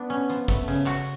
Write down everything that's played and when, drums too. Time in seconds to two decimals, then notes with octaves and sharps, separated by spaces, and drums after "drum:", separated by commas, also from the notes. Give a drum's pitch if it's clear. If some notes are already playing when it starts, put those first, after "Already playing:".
Already playing: B3 D4
0.10 C#4, drum: hi-hat
0.29 F3, drum: hi-hat
0.48 A3, drum: kick, hi-hat
0.68 C#3, drum: open hi-hat
0.87 F#4, drum: clap